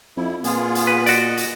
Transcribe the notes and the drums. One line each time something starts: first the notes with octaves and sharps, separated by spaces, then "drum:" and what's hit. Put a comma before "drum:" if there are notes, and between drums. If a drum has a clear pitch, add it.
F2 E4
A#2 B3 F4 G#4, drum: hi-hat
drum: hi-hat
B4
F#4 D5 D#5, drum: hi-hat
drum: hi-hat